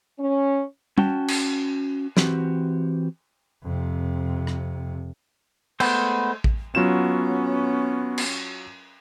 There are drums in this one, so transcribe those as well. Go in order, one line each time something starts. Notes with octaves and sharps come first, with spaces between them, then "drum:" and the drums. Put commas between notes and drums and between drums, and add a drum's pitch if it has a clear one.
C#4
C#4 F#4 G5 A5, drum: tom
drum: cymbal
E3 C4 F#4 G4, drum: snare
F2 C3
drum: rim click
G#3 A3 B3 C5, drum: cymbal
drum: kick A1
F#3 B3 C#4 F4 E7
drum: cymbal